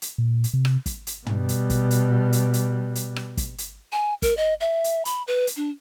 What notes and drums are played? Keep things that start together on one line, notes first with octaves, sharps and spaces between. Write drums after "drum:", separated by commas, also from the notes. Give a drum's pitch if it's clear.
drum: hi-hat
A#2
drum: hi-hat
C3
drum: rim click
drum: kick, hi-hat
drum: hi-hat
B2 G3, drum: tom
drum: hi-hat
drum: kick, hi-hat
drum: hi-hat
drum: hi-hat
drum: hi-hat
drum: hi-hat
drum: rim click
drum: kick, hi-hat
drum: hi-hat
G#5
A#4, drum: kick, hi-hat
D#5
E5
drum: hi-hat
B5, drum: hi-hat
B4
drum: hi-hat
D4